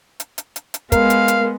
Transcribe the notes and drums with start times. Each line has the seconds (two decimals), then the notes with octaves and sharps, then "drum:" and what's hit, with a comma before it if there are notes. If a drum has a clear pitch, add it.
0.20 drum: hi-hat
0.38 drum: hi-hat
0.56 drum: hi-hat
0.74 drum: hi-hat
0.92 G#3 B3 A#4 F5, drum: kick, hi-hat
1.10 drum: hi-hat
1.28 drum: hi-hat